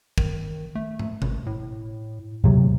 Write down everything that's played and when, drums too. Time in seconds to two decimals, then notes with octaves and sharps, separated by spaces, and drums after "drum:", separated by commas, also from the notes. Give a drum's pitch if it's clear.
0.18 D#3, drum: kick
0.75 A3
0.99 drum: tom
1.22 G#1, drum: tom B2
1.46 A2
2.44 D#2 A2 C3 F#3